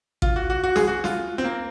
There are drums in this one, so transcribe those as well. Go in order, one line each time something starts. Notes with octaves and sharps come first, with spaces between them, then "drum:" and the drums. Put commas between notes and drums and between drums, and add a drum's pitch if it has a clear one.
F4, drum: kick A1
F#4
F#4
F#4
G#4, drum: snare
F#4
F4, drum: snare
C4
A#3